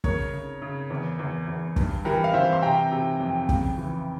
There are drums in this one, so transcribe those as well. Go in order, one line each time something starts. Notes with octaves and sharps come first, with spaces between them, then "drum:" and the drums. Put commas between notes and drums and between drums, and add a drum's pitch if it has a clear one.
C#3 A#4 C#5, drum: kick
C#3
C#3
E2
E2
E2
G2, drum: kick
E3 G4 A#4
F5
E3 C5 E5
C6
C3 G5 A#5
C3
F2
C#3, drum: kick
E3